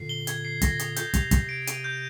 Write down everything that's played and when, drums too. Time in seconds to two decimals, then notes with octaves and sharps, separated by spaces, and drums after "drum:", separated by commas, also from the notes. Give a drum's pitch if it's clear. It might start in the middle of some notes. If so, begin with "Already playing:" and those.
Already playing: A#2 D3 C7
0.09 G7
0.27 G#6, drum: hi-hat
0.45 C7
0.61 A#6, drum: kick, hi-hat
0.79 D#6, drum: hi-hat
0.96 G6, drum: hi-hat
1.14 C3 F7, drum: kick, hi-hat
1.31 G6, drum: kick, hi-hat
1.49 D7
1.67 D#7, drum: hi-hat
1.84 G6